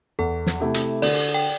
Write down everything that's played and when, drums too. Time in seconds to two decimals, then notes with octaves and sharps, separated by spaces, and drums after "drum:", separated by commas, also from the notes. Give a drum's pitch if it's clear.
0.19 E2 A4
0.46 drum: snare
0.60 C3 A3 E4 G4
0.74 drum: hi-hat
1.02 D3 D5, drum: open hi-hat
1.34 G5